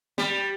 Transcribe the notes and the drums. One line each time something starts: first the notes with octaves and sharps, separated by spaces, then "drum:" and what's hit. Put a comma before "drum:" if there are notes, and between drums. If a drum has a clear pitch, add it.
G3, drum: snare